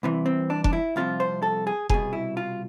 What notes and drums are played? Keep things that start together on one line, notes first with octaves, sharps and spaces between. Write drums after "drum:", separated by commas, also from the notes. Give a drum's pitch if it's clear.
C2 C3 E3
C4
D4
D4, drum: kick F1
E4
C2 C3 F3 F4
C5
A4
G#4
C2 B2 G#4, drum: kick F1
E4
F4